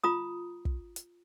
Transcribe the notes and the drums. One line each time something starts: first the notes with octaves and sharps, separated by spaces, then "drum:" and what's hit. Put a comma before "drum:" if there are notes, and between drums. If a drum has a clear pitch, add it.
F4 A#5 D#6
drum: kick
drum: hi-hat